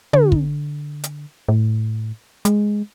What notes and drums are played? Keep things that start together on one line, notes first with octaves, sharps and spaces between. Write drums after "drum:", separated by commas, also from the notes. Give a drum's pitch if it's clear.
D3, drum: tom
drum: kick
drum: hi-hat
A2
G#3, drum: hi-hat